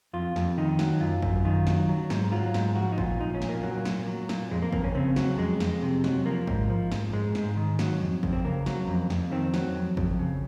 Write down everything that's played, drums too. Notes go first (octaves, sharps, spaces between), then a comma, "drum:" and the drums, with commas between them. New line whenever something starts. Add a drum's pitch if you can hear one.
F2 F4
F2, drum: snare
D#3 D#4
F#3, drum: snare
F#2 F4
F#2, drum: kick G#1
D#3 F4
F#3, drum: snare
F#3
G#2, drum: snare
F#3 F4
G#2, drum: snare
F3 F#4
D#4
A#2 F4, drum: kick G#1
F3 D#4
C#4
A#2, drum: snare
A#3
F#3 A#3
A#2, drum: snare
F#3
A#2, drum: snare
F2 G#3
A#3
F2 A#3, drum: kick G#1
C#4
C#3 C4
F#3, drum: snare
F2 G#3
F2, drum: snare
C3
F#3, drum: snare
F3 A#3
G#2, drum: kick G#1
F3
G#2, drum: snare
G#2 G#3
G#2, drum: snare
D#3
F#3, drum: snare
F2
F2, drum: kick G#1
C4
C#3 A#3
F#3, drum: snare
F2
F2, drum: snare
D#3 C4
F#3, drum: snare
F2
F2, drum: kick G#1
C#3